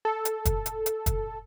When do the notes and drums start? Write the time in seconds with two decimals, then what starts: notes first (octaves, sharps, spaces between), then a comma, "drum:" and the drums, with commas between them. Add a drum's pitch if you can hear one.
0.05 A4
0.25 drum: hi-hat
0.45 drum: kick, hi-hat
0.66 drum: hi-hat
0.86 drum: hi-hat
1.06 drum: kick, hi-hat